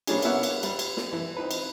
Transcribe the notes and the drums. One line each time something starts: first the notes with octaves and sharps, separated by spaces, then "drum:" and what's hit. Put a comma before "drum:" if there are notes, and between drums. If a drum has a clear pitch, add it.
C3 G3 A#3 C#4 D4 G#4, drum: cymbal
A#3 B3 E4 C#5 E5 F#5, drum: cymbal
drum: cymbal
G3, drum: cymbal
drum: cymbal
drum: snare
E3
C4 D#4 B4
drum: cymbal